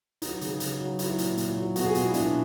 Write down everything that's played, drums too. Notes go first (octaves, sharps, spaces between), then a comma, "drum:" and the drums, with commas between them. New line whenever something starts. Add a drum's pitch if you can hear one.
F#3 D#4, drum: hi-hat
C#3, drum: hi-hat
C#3, drum: hi-hat
F#3
F#3 E4, drum: hi-hat
A#2, drum: hi-hat
A#2, drum: hi-hat
F#3
B2 F#4, drum: hi-hat
G#4
B2 F4, drum: hi-hat
E4
B2 D4, drum: hi-hat